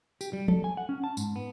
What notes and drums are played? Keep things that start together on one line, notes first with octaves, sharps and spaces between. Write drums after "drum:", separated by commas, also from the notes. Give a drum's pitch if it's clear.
G4, drum: tambourine
G3
A4, drum: tom
G#5
F#5
C#4
A5
G#2, drum: tambourine
B3